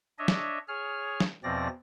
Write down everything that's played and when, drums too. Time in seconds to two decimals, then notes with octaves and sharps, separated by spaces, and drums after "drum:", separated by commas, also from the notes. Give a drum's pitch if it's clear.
0.19 D4 C#5 D#5 E5
0.28 drum: snare
0.68 G#4 C#5 F6
1.20 drum: snare
1.44 E2 B2 F3 C4 D5 A#6